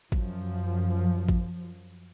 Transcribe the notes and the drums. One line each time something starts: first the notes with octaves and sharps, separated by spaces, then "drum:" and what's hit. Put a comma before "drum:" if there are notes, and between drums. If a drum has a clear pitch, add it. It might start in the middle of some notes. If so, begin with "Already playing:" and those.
F#2 F3, drum: kick G#1
drum: kick G#1